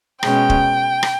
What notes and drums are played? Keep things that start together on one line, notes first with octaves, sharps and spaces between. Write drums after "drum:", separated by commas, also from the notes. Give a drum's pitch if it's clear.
B2 G#3 C#4 G5, drum: rim click
drum: kick
drum: rim click